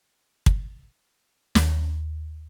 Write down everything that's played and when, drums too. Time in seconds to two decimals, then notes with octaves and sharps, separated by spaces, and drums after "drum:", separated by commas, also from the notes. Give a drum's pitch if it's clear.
0.46 drum: kick
1.55 D#2, drum: snare